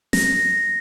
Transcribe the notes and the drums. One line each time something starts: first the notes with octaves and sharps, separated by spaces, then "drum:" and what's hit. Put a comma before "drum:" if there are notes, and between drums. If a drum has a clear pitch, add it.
A#6, drum: snare